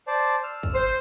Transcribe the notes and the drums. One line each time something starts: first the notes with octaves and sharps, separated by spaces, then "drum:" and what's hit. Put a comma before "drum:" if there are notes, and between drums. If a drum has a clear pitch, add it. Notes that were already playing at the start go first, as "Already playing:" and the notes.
C5 D5 A5
E6 F6
drum: kick
C5